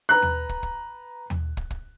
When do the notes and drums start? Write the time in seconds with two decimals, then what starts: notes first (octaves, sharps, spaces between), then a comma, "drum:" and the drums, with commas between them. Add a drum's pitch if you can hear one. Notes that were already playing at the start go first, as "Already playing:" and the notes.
0.09 B4 A#5 F#6
0.22 drum: tom
0.49 drum: kick
0.63 drum: kick
1.30 drum: tom
1.57 drum: kick
1.70 drum: kick